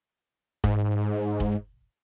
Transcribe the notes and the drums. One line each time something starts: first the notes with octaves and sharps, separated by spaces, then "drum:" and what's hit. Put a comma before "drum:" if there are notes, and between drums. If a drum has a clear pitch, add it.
G#2, drum: kick
drum: kick